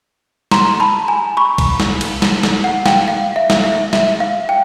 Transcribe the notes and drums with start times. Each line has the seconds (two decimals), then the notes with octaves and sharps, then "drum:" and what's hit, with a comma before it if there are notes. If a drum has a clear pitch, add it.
0.51 A#5 C6, drum: snare
0.80 A5 B5
1.08 G#5 A#5
1.37 B5 C#6
1.58 drum: kick B1, cymbal
1.80 drum: snare
2.01 drum: cymbal
2.22 drum: snare
2.43 drum: snare
2.64 F#5
2.86 F5 G5, drum: snare
3.08 F5
3.36 E5
3.50 drum: snare
3.64 E5
3.93 E5, drum: snare
4.20 F5
4.49 G5